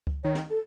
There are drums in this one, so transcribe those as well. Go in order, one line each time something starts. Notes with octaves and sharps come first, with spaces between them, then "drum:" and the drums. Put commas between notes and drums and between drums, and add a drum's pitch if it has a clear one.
drum: kick C#2
D#3 C#5
drum: snare
A4